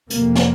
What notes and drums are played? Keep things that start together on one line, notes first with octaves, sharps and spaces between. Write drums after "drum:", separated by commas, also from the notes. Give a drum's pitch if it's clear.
F2 C3 A#3, drum: hi-hat
drum: snare